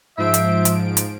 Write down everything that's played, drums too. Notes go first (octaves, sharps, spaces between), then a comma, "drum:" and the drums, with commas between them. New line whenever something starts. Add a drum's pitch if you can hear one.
G#2 F3 C5 E5 D7
drum: hi-hat
drum: hi-hat
drum: hi-hat